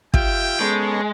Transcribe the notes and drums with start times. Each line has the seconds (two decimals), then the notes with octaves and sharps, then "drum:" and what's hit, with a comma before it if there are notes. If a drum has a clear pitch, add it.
0.14 F4 G4 E5 G5, drum: kick
0.60 G#3 B3 C#4 A4